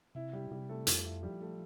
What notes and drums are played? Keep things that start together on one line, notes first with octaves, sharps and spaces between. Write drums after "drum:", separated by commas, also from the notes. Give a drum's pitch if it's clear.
C3 E4
G3 G4
C3 G3 G4
A3 A4
F2 F3 F4, drum: hi-hat
E4
F3 G3 G4
A3 A4